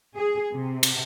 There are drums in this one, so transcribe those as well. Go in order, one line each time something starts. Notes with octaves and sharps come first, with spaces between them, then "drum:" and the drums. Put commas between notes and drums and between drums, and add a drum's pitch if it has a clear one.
G#4
C3
drum: cymbal